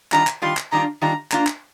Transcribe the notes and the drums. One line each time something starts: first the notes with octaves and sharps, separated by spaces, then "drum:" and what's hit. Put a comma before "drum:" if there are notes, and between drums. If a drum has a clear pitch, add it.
D#3 G3 D4 F4 A#5, drum: clap
drum: clap
D#3 G3 D4 F4 C6
drum: clap
D#3 G3 D4 F4 A#5
D#3 G3 D4 F4 A#5
A#3 D4 F4 A#5, drum: clap
drum: clap